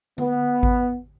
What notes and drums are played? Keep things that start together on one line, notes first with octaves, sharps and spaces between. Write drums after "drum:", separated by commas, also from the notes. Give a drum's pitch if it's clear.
B3, drum: tom D3
drum: kick G#1